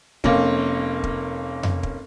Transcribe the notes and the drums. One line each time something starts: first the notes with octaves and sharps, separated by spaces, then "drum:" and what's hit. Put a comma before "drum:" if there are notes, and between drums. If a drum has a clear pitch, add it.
F1 A#3 C#4, drum: kick
drum: kick
drum: tom F2
drum: kick